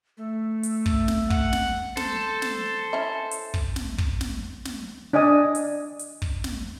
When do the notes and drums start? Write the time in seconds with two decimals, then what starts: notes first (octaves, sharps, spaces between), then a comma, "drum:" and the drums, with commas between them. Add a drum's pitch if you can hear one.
0.17 A3
0.63 drum: hi-hat
0.86 drum: kick
1.08 drum: snare
1.30 F#5, drum: kick
1.53 drum: snare
1.97 A4 C5, drum: snare
2.42 drum: snare
2.93 C#4 E4
3.31 drum: hi-hat
3.54 drum: kick
3.76 drum: snare
3.98 drum: kick
4.21 drum: snare
4.65 drum: snare
5.13 D4 D5 D#5 G#5 D#6
5.55 drum: hi-hat
5.99 drum: hi-hat
6.22 drum: kick
6.44 drum: snare